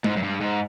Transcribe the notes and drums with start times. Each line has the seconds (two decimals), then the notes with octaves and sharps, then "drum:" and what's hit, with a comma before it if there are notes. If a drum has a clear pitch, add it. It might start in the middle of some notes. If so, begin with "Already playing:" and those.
0.04 G#2, drum: tom G#3
0.17 F#2
0.23 G2
0.41 G#2